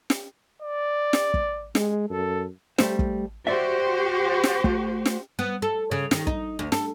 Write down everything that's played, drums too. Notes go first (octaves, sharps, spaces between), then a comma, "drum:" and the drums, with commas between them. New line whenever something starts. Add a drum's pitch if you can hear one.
drum: snare
D5
drum: snare
drum: kick
G#3, drum: snare
F#2 A4
G3 A3 C5, drum: snare
drum: kick
F#4 G4 C5 D5 E5
drum: snare
A3, drum: kick
drum: snare
B3
A4
C#3
D#3, drum: snare
D#4, drum: kick
D2
A4, drum: snare